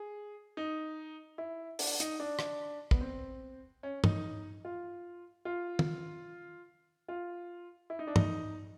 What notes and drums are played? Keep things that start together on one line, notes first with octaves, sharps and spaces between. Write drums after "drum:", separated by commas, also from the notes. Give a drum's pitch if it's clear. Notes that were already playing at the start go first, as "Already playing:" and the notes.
Already playing: G#4
D#4
E4
D4, drum: open hi-hat
D#4, drum: hi-hat
D4
drum: rim click
B3, drum: kick
C4
C#4
D#4, drum: tom
F4
F4
drum: tom
F4
E4
D#4
D4
D#4, drum: tom